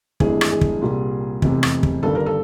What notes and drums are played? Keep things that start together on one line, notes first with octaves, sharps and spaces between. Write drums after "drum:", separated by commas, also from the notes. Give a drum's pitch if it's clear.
G#1 G2 E3 A3 G#4, drum: kick
drum: rim click
G#4
drum: kick
C2 A#2 G3
F1 E2 C3, drum: kick
drum: rim click
drum: kick
G1 G2 D#3 A4
A#4
A4